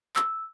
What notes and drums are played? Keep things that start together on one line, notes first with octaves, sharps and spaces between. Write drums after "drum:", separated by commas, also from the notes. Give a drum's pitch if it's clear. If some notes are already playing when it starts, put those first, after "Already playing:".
E6, drum: clap